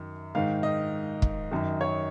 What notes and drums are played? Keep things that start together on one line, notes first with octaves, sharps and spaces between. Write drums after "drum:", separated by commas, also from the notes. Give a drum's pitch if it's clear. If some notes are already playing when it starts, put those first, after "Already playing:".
Already playing: F#2 D#3
G#2 D#3 F5
D#5
drum: kick
F#2 D#3
C#5